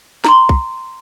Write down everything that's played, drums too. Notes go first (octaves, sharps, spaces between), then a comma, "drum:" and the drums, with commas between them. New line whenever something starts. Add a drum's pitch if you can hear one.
A#5 C6, drum: snare
drum: kick